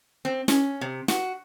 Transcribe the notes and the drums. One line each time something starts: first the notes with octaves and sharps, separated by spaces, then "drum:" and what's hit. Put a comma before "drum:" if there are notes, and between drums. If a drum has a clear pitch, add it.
C4
C#4, drum: snare
C3
F#4, drum: snare